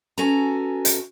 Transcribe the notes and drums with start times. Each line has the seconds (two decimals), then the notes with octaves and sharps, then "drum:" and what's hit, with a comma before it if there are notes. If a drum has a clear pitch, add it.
0.18 B3 C#4 F#4 A4 G#5 A#5
0.85 drum: hi-hat